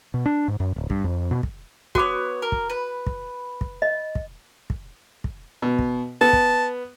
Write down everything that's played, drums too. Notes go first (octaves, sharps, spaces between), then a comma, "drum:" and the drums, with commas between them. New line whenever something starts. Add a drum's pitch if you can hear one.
B2
D4
G#2
F#2
D1
G2, drum: kick
F2
B2
drum: kick
B3 F#4 C#5 D6, drum: kick
A#4
drum: kick
B4
drum: kick
drum: kick
D#5
drum: kick
drum: kick
drum: kick
B2
drum: kick
B3 A5
drum: kick